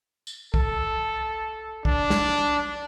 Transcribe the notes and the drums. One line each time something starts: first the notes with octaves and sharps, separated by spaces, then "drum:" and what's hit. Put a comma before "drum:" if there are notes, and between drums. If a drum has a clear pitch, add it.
drum: tambourine
A4, drum: kick
D4, drum: kick
drum: snare